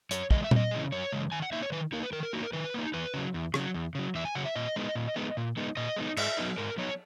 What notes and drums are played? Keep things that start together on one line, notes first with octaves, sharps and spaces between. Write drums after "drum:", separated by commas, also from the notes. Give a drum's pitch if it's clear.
F#2 C#5, drum: hi-hat
C#3 E3 G#3 D#5, drum: kick
E5
F#2 D#5, drum: tom A#2
C#3 E3 G#3
F#2 C#5
C#3 E3 G#3
D#3 G#5
F#5
A#3 D#4 E5
C#5
D#3 B4
A#3 D#4 A#4
B4
D#3 A#4
A#4
A#3 D#4 F#4
A#4
D#3 B4
A#3 D#4
E2 B4
C#3 F#3
E2
C#3, drum: rim click
F#3
E2
C#3 F#3
E2 E5
G#5
C#3 F#3 F#5
E5
A#2 D#5
G#3 B3 D#4
A#2
G#3 B3 D#4
A#2
G#3 B3 D#4
A#2 D#5
G#3 B3 D#4
G#2 E5, drum: cymbal
F#3 B3 D#4
G#2 A#4
F#3 B3 D#4 C#5